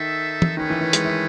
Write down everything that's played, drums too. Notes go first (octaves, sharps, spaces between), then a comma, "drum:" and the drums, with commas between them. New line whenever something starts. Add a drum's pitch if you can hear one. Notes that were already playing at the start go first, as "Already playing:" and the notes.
Already playing: D#3 D#4 A4 E5
drum: tom
D#3 A3 C#4 G#4 B4
E3
E3
G#3, drum: hi-hat
E4